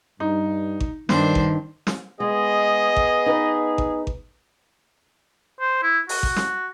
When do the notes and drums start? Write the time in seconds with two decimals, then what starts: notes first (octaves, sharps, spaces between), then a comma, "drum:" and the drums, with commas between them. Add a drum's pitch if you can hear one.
0.20 G2 D#4
0.80 drum: kick G#1
1.09 G2 D#3 D4 C5, drum: snare
1.35 drum: kick G#1
1.87 drum: snare
2.20 G#3 B3 G#4 D#5
2.96 drum: kick G#1
3.26 D#4 B4
3.78 drum: kick G#1
4.07 drum: kick G#1
5.61 C5
5.83 E4
6.09 F#4, drum: open hi-hat
6.23 drum: kick G#1
6.36 drum: snare